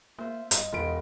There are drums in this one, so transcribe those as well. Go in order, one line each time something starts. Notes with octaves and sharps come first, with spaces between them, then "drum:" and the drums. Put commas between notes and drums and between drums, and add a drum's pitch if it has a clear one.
A#3 F4 C5 E5
G2 D#5, drum: hi-hat
E1 F4 B4 D7